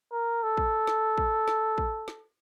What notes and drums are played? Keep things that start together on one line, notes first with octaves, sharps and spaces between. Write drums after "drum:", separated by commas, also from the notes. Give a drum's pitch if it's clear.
A#4
A4
drum: kick
drum: snare
drum: kick
drum: snare
drum: kick
drum: snare